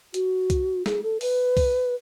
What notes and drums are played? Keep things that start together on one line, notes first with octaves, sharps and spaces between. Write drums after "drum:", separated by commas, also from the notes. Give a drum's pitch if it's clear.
F#4, drum: hi-hat
drum: kick C2, hi-hat
G#4, drum: snare
A4
B4, drum: open hi-hat
drum: kick C2, open hi-hat